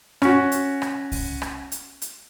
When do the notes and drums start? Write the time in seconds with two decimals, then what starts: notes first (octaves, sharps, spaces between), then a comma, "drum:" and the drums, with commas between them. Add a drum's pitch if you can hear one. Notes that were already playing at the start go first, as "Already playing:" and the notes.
0.22 C#4 F#4, drum: rim click
0.52 drum: hi-hat
0.82 drum: rim click
1.12 drum: kick C2, open hi-hat
1.42 drum: rim click
1.72 drum: hi-hat
2.02 drum: hi-hat